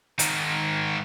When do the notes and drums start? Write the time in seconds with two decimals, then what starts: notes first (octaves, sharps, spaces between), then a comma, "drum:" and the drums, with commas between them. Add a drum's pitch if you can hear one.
0.19 G#2 D#3, drum: hi-hat